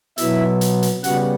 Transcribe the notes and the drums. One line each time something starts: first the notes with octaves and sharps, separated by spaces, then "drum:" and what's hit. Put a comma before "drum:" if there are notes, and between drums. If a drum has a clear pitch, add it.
B2 F#3 B3 E4 E5, drum: hi-hat
drum: hi-hat
drum: hi-hat
C#3 G3 B3 F#4 F#5, drum: hi-hat